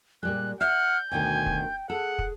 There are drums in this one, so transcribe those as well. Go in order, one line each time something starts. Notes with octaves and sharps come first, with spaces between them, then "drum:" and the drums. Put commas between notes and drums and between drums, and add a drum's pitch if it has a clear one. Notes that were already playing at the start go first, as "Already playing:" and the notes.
A#2 G3 G#3 F#6
E5 F#5 F6 G6
D2 B2 D#3 G5 G#5
drum: kick
G#4 A4 F#5
drum: kick